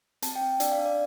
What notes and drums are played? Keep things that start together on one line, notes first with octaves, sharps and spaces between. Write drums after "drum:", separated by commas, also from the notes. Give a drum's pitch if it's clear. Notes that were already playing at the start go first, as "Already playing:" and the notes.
C4 A5, drum: hi-hat
G5
C4
D4 D5, drum: hi-hat
F5
D4
D5